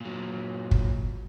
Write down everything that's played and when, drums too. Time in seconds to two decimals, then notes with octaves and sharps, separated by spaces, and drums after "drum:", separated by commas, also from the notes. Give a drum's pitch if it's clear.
0.01 A#2 F#3
0.71 drum: kick